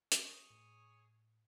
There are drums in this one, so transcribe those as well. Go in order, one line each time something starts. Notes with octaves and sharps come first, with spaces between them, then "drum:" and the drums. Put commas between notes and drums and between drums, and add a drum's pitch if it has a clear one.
drum: hi-hat
G#4 C#5
A2